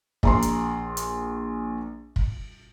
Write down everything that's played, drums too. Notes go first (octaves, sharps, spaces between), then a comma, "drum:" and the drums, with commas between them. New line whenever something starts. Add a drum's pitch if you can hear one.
A#1 A#5 C6, drum: kick
drum: hi-hat
drum: hi-hat
drum: kick